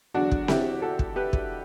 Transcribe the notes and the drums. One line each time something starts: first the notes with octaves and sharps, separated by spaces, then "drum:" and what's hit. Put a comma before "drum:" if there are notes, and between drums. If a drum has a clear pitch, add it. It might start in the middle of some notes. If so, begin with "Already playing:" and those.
E2 D3 F#3 D4 F#4
drum: kick
E4 G4, drum: snare C4
F#4 A4
drum: kick
G4 B4
drum: kick